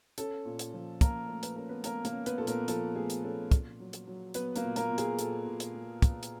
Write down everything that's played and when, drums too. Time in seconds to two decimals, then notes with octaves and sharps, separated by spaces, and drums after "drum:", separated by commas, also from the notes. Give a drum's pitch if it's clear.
0.18 C#4 A4, drum: hi-hat
0.45 A#2
0.59 drum: hi-hat
0.74 F3
1.01 F3 A#3 A#4, drum: kick, hi-hat
1.29 A3
1.43 B4, drum: hi-hat
1.56 C#4 A#4
1.69 B3 B4
1.84 A3 A#3 A#4, drum: hi-hat
2.05 A#3 A#4, drum: hi-hat
2.12 C#4
2.26 B3 B4, drum: hi-hat
2.38 A#2 A4
2.47 A#3 A#4, drum: hi-hat
2.68 F3 A4, drum: hi-hat
2.96 A3 G#4
3.10 drum: hi-hat
3.24 C#4 A4
3.51 A#2, drum: kick, hi-hat
3.80 F#3
3.93 drum: hi-hat
4.07 F#3
4.34 F#3 B3 B4, drum: hi-hat
4.56 A#3 A#4, drum: hi-hat
4.63 A#2
4.76 A#3 A#4, drum: hi-hat
4.91 A#2
4.98 G#4, drum: hi-hat
5.19 A#2 A4, drum: hi-hat
5.46 A#2
5.60 drum: hi-hat
5.74 A#3
6.02 A#2, drum: kick, hi-hat
6.23 drum: hi-hat